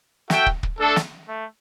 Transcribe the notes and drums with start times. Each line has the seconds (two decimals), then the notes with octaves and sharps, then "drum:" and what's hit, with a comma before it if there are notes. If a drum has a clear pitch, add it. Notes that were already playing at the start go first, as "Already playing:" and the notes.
0.30 F#4 A4 E5 G5, drum: snare
0.46 drum: kick
0.63 drum: kick
0.79 A3 D4 A4
0.96 drum: snare
1.29 A3